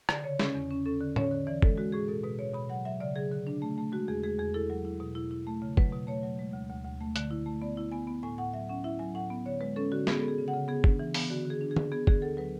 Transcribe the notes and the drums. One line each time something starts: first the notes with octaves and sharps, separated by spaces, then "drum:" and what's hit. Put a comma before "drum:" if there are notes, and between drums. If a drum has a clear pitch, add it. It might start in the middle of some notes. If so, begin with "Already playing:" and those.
D3 D5, drum: rim click
C#3 C#5
C#4, drum: snare
E2
C#4
C#4 A4
D3
C#4 C#5, drum: tom A2
D3
E3 D5
G#3 A4, drum: kick G1
G#3 F#4
A2 G#4
B2 A4
B2 B4
B2 C#5
B2 B5
F#3 F#5
F#3 E5
C#3 D5
F#3 G#4
D3
D4
A3
A3
G#3 F#4
E2 G#4
G#3 G#4
E2 G#4
E4 A4
F#3
E4
B2
E4
E4
A3
C#3
F#3 B4, drum: kick G1
B2
A3 C#5
F#3
G#3
D2
D2
D2
A3
D3, drum: hi-hat
E4
A3
B3 D5
E4
B3 G#5
B3
A2 G#5
A2 F#5
F#3 E5
C#4 F#5
E4 E5
F#3 G#5
A2 F#5
B3
D3 C#5
G#3 B4
C#4 A4
D3 F#4
B3 G#4, drum: snare
A4
B3
G#4
C#3
F#5
C#3
B3 G#4
D4, drum: kick G1
E3
B3, drum: open hi-hat
D3 F#4
D3
G#4
D4
G#4
D3, drum: tom D3
B3 G#4
D3 G#4, drum: kick G1
D2 A4
F#3 B4